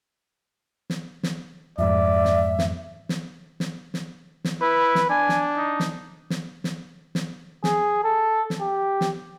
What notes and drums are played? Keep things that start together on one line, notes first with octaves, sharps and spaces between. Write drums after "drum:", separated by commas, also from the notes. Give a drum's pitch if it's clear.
drum: snare
drum: snare
F2 G#2 D5 E5
drum: snare
drum: snare
drum: snare
drum: snare
drum: snare
drum: snare
E4 B4
drum: snare
D4 G#5
drum: snare
D#4
drum: snare
drum: snare
drum: snare
drum: snare
G#4, drum: snare
A4
drum: snare
G4
drum: snare